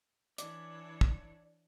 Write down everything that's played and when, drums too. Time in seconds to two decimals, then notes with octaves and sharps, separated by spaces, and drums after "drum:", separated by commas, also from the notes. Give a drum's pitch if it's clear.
0.38 E3 D4 C#5 D5, drum: hi-hat
1.01 drum: kick